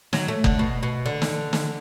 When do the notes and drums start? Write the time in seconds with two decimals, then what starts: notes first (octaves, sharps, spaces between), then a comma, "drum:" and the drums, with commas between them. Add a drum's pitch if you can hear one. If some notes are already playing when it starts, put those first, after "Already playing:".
0.13 F#3, drum: snare
0.28 A3
0.44 D3, drum: kick F#1
0.59 B2
0.83 B2
1.06 D3
1.22 drum: snare
1.53 drum: snare